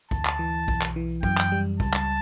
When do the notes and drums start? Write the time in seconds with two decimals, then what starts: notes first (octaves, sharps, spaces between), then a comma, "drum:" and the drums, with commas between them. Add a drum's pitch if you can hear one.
0.11 D2 A5, drum: kick
0.25 drum: clap
0.39 E3
0.68 B1, drum: kick
0.81 drum: clap
0.96 E3
1.23 F#2 G5, drum: kick
1.37 drum: clap
1.52 G3
1.80 C#2 A5, drum: kick
1.93 drum: clap